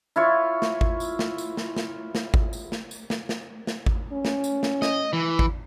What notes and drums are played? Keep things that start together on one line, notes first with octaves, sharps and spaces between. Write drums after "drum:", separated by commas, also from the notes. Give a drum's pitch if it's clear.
E4 F4 C#5
drum: snare
drum: kick G#1
drum: tambourine
drum: snare
drum: tambourine
drum: snare
drum: snare
drum: snare
drum: kick G#1
drum: tambourine
drum: snare
drum: tambourine
drum: snare
drum: snare
drum: snare
drum: kick G#1
C#4
drum: snare
drum: tambourine
drum: snare
D#5, drum: snare
E3
drum: kick G#1